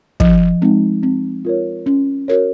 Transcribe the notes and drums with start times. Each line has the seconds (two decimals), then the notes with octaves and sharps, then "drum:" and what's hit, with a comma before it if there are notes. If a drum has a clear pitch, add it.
0.20 F3, drum: kick
0.62 G#3 C4 D#4
1.03 C4
1.45 F4 A#4 C#5
1.86 C#4
2.28 F#4 A#4 C#5